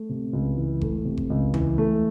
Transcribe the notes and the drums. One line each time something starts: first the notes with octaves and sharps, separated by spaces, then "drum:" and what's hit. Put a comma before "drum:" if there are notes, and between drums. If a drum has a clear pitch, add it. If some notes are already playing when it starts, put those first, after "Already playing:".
Already playing: A3
C3
C#2
E3
A3, drum: kick F#1
C3
drum: kick F#1
C#2
E3, drum: tom D#2
A3